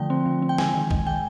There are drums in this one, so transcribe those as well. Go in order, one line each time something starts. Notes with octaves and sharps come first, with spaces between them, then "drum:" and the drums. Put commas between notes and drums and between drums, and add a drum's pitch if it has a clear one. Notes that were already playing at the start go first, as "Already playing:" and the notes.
Already playing: D3 F3 A3 G5
C4
F3
C4
G5
G#3 G#5, drum: snare
D#3
D#3, drum: kick A#1
G#3 G5